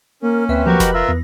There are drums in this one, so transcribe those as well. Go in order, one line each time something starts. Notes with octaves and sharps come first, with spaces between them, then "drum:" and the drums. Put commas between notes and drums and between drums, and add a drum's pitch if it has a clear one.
A#3 C#4 A#4
D2 C4 B4 E5
F3 F#3 F#4 G4 A#4 C#6
D#5 B5, drum: snare F1
F4 A#4 E5 A#6
E2 A#6